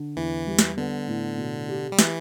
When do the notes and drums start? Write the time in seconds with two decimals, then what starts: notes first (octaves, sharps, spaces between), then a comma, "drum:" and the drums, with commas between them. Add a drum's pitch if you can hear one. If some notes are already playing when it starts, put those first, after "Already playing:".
Already playing: D3
0.17 E2 E3
0.47 G3
0.59 drum: snare
0.77 D3 B3
1.08 A2
1.38 B2
1.68 G4
1.92 G3
1.99 E3, drum: snare